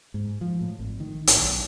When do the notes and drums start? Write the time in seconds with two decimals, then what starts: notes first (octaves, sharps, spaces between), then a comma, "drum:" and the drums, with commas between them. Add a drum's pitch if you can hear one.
0.14 G#2
0.41 F3
0.61 A2
0.79 G#1
1.00 D#3
1.27 G#1, drum: hi-hat
1.41 B1